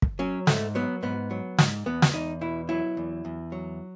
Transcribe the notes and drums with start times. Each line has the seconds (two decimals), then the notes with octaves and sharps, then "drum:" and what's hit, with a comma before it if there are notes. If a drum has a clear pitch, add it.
0.02 drum: kick
0.19 F#3 C#4
0.47 G#2 A3, drum: snare
0.75 F#3 B3
1.02 G#2 B3
1.31 F#3
1.58 G#2, drum: snare
1.86 E2 B3
2.02 drum: snare
2.13 E2 D#4
2.41 B2 E4
2.69 F#3 E4
2.97 E2
3.25 E2
3.52 F#3